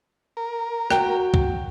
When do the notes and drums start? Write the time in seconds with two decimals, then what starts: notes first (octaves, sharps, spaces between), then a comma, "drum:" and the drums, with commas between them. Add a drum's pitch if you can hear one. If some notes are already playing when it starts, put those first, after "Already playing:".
0.37 A#4
0.91 F#4 G5, drum: rim click
1.34 drum: kick